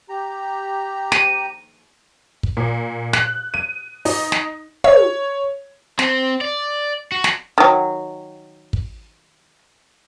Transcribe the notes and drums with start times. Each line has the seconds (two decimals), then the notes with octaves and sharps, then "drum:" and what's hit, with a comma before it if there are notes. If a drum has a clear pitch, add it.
0.09 G4 A#5
1.12 D#7, drum: snare
2.43 drum: kick
2.57 A#2
3.13 F#6, drum: snare
3.54 D#7
4.05 D#4, drum: open hi-hat
4.32 drum: snare
4.84 C#5, drum: tom
5.99 C4, drum: snare
6.41 D5
7.12 F#4
7.24 drum: snare
7.58 D#3 F#3
8.73 drum: kick